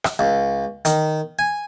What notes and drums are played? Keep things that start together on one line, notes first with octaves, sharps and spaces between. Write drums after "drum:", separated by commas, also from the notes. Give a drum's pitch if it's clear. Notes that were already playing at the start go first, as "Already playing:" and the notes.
drum: rim click
C#2
D#3, drum: hi-hat
G#5